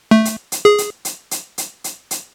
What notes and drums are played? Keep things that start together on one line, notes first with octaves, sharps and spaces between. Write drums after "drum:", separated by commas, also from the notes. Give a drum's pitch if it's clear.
A3
drum: hi-hat
drum: hi-hat
G#4
drum: hi-hat
drum: hi-hat
drum: hi-hat
drum: hi-hat
drum: hi-hat
drum: hi-hat